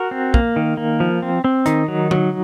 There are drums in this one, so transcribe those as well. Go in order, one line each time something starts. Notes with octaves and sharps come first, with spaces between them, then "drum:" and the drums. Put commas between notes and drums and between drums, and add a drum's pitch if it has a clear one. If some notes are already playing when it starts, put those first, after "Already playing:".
Already playing: F#4 A#4
C4
A#3, drum: kick
D#3
A#3
F3
C4
C4
D#3 D#4, drum: hi-hat
F#3
F#3, drum: tom D3